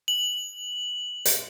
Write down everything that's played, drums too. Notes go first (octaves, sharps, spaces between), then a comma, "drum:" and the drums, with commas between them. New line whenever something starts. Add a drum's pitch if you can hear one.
F#7
drum: hi-hat